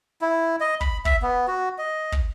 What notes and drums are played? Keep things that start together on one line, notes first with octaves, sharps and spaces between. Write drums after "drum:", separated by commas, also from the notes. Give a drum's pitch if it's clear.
E4
D#5
B5, drum: kick
E5, drum: kick
B3
F#4
D#5
drum: kick